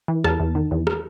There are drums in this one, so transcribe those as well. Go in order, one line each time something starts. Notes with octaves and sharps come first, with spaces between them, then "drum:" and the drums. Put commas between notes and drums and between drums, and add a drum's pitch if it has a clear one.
E3
E2 A5, drum: rim click
E2
D#3
E2
drum: rim click